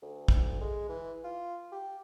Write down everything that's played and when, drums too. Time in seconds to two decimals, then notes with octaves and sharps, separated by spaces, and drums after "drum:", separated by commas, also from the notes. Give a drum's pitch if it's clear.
0.02 D2
0.28 drum: kick A1
0.61 G#3
0.89 E3
1.24 F4
1.72 G4